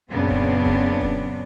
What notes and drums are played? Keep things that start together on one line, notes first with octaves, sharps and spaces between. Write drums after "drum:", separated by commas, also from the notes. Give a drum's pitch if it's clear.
F#2 A#2 C#3 B3 C4 D4
drum: kick D#1
drum: kick D#1
drum: kick D#1